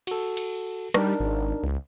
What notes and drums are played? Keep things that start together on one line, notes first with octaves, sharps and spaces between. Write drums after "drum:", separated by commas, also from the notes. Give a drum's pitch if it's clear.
F#4 A4, drum: cymbal
drum: cymbal
G3 D4 D#4 A#4, drum: rim click
G#1
C#2